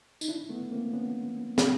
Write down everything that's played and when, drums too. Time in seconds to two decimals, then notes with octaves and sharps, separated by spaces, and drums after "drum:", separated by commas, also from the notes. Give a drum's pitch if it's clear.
0.21 D#4, drum: tambourine
0.28 D4 E4
0.50 A3 B3
0.72 A#3 C4
0.93 B3 C#4
1.58 C4 D4, drum: snare